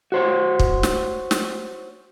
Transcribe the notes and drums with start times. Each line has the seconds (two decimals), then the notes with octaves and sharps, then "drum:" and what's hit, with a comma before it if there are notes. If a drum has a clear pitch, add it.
0.12 F#4 C5 C#5
0.59 drum: kick
0.83 drum: snare
1.31 drum: snare